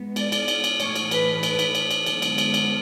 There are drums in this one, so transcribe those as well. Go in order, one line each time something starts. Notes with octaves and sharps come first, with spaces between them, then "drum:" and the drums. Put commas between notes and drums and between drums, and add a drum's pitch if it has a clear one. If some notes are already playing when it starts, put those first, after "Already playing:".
Already playing: G#2 G#3 B3
D5, drum: cymbal
drum: cymbal
drum: cymbal
drum: cymbal
A2 E3 A3 C#5, drum: cymbal
drum: cymbal
B4, drum: cymbal
drum: cymbal
drum: cymbal
drum: cymbal
drum: cymbal
F#2 D3 G#3 B3, drum: cymbal
drum: cymbal
drum: cymbal
drum: cymbal